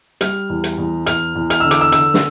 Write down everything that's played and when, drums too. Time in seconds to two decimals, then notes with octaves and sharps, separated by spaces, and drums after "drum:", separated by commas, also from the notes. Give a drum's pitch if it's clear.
0.21 G3 F6, drum: hi-hat
0.49 E2
0.64 drum: hi-hat
0.78 E2
1.06 E2 F6, drum: hi-hat
1.35 E2
1.50 F6, drum: hi-hat
1.60 D3 E6
1.71 D6, drum: hi-hat
1.81 E6
1.92 D3 E6, drum: hi-hat
2.14 drum: snare